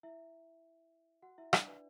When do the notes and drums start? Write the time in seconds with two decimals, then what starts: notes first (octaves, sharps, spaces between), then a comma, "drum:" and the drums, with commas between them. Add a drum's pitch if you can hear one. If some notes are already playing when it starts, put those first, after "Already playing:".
0.03 E4 E5
1.22 F#4 F#5
1.38 E4 E5
1.53 D4 D5, drum: rim click
1.68 B4